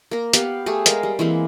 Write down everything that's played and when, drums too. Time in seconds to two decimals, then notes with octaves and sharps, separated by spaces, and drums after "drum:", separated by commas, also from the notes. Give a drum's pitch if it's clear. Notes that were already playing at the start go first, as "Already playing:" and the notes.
0.11 A#3 A#4
0.33 B3 G4 F5, drum: hi-hat
0.66 A3 G4 G#4
0.86 G#3 A#4 F5, drum: hi-hat
1.03 G3
1.19 E3 G#3 A#3 C4